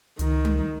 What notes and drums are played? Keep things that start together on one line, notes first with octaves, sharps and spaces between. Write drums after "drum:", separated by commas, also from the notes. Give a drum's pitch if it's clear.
C#2 D#3, drum: hi-hat
drum: tom G3